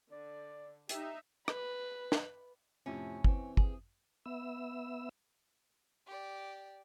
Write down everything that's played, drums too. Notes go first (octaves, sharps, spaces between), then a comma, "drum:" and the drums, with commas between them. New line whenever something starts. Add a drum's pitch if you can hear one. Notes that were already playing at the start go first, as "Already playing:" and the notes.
D3 D5
D#4 G4 E5, drum: hi-hat
B4, drum: rim click
drum: snare
F2 A2 C3 C#4
E3 C4, drum: kick
G#4, drum: kick
B3 E5 E6
G4 D5